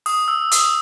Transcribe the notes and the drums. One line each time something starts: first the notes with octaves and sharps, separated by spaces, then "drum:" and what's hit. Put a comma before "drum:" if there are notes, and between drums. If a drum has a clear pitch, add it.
D#6, drum: open hi-hat
E6
D#6, drum: hi-hat